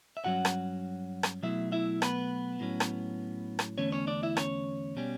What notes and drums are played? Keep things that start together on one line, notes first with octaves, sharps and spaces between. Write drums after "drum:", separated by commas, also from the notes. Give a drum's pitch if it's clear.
E5
G2 F#3 C#4 F#4 F#5
drum: rim click
drum: rim click
B2 F#3 A3 E4 E5
E4 E5
B3 B4, drum: rim click
A2 F#3 C#4
drum: rim click
drum: rim click
E2 D3 A3 C#4 C#5
C#4 C#5
D4 D5
E4 E5
C#4 C#5, drum: rim click
B2 G3 C#4